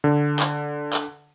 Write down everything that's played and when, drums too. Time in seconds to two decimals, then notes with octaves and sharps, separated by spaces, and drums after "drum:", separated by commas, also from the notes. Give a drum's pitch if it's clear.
0.04 D3
0.40 drum: clap
0.93 drum: clap